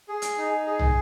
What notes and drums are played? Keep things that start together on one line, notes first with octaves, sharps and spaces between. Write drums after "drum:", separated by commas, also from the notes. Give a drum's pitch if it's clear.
G#4
drum: hi-hat
D#4
G#4
drum: tom